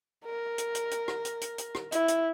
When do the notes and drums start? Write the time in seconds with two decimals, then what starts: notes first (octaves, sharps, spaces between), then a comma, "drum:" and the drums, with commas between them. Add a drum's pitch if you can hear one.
0.25 A#4
0.58 drum: hi-hat
0.75 drum: hi-hat
0.91 drum: hi-hat
1.08 drum: rim click
1.25 drum: hi-hat
1.41 drum: hi-hat
1.58 drum: hi-hat
1.75 drum: rim click
1.92 E4, drum: hi-hat
2.08 drum: hi-hat